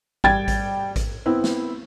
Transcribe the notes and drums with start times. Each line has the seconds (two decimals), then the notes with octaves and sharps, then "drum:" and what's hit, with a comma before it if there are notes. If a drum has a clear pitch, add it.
0.24 G3 G5 G#6 A6, drum: kick A1
0.48 drum: kick A1, hi-hat
0.96 drum: kick A1, hi-hat
1.26 B3 C4 E4
1.44 drum: snare